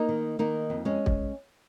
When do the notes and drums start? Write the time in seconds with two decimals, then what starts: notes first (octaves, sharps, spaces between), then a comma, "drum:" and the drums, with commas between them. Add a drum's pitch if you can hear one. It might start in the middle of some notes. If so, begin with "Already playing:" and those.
Already playing: A#3 D#4
0.09 D#3
0.39 D#3 A#3 D#4
0.70 F2
0.85 G#3 C#4
1.06 drum: kick